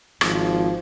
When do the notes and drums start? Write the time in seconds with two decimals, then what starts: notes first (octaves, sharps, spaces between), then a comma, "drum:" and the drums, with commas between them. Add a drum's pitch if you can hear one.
0.21 G#1 F3, drum: rim click